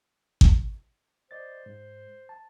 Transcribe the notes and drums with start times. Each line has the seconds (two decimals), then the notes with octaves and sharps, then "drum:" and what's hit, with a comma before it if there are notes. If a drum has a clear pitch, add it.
0.41 drum: kick G#1
1.31 C5 D5 D#5 A6
1.66 G#2
2.29 A5